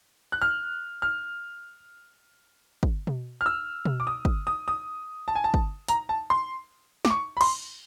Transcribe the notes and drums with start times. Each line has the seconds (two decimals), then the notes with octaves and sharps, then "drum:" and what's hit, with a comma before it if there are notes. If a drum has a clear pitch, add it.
0.32 F#6
0.42 F6
1.02 F6
2.83 drum: kick
3.07 drum: tom B2
3.41 F6
3.46 E6
3.85 drum: tom B2
4.00 D6
4.07 D#6
4.25 drum: kick
4.47 D#6
4.68 D#6
5.28 A5
5.35 G#5
5.44 A5
5.54 drum: kick
5.88 A#5, drum: hi-hat
6.09 A5
6.30 C6
7.05 D6, drum: snare
7.10 C#6
7.37 B5
7.41 C6, drum: cymbal